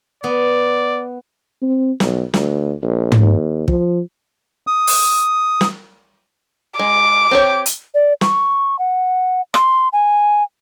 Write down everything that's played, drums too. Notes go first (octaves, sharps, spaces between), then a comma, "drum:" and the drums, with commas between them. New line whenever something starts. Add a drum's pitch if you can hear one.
B3 D5
C4
B1, drum: snare
D2, drum: snare
A#1
drum: tom
D#2
F3, drum: kick
D#6
drum: open hi-hat
drum: snare
G#3 D6
C4 G4 C#5
drum: hi-hat
D5
C#6, drum: snare
F#5
C6, drum: rim click
G#5